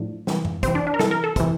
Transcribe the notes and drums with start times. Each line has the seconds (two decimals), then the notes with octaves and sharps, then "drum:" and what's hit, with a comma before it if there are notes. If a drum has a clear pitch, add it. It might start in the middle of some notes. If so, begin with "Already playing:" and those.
Already playing: A2 F3 D4
0.27 C3 E3, drum: snare
0.45 drum: tom F#2
0.63 C3 E3 C4, drum: kick, hi-hat
0.75 D4
0.87 D4
0.94 A#4
0.99 C3 E3 A4, drum: snare
1.11 A#4
1.24 A4
1.36 C3 E3, drum: kick, hi-hat